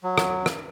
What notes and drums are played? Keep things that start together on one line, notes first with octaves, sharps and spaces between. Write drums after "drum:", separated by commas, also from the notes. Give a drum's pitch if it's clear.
F#3
drum: rim click
drum: rim click